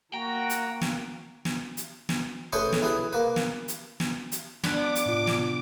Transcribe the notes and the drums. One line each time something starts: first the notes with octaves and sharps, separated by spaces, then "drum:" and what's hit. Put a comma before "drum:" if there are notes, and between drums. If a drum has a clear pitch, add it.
A#3 F#4 G5 A#5
drum: hi-hat
drum: snare
drum: snare
drum: hi-hat
drum: snare
A3 C#4 G#4 B4 C5 C#6
drum: snare
E4 G#4 B4
A#3 B4
drum: snare
drum: hi-hat
drum: snare
drum: hi-hat
B3 D4 D6, drum: snare
drum: hi-hat
A2 C3 F4
drum: snare